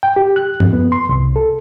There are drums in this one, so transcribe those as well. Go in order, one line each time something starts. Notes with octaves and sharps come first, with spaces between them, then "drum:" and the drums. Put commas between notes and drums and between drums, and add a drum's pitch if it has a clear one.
G5
G4
F#6
F2, drum: tom F#2
B3
C6
C2
A4